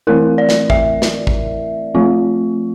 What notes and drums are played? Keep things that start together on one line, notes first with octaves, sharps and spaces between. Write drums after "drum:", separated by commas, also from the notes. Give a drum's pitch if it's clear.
E3 A3 C4 E4 A#4
D5
drum: snare
E5, drum: kick
drum: snare
drum: kick
F3 A3 C4 F4